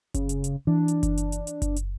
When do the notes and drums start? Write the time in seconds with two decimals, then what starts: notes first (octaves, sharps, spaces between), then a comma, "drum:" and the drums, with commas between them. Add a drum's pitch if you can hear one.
0.14 C#3, drum: kick F#1, hi-hat
0.29 drum: hi-hat
0.44 drum: hi-hat
0.67 E3 D4
0.88 drum: hi-hat
1.03 drum: kick F#1, hi-hat
1.18 drum: hi-hat
1.32 drum: hi-hat
1.47 drum: hi-hat
1.62 drum: kick F#1, hi-hat
1.76 drum: hi-hat